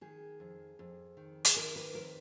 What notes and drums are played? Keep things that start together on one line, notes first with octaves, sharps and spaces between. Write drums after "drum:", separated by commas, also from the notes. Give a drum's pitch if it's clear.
D#3 G#4
F2
F2
D#3
G#4, drum: hi-hat
D#3 A#4
B4
F2 A#4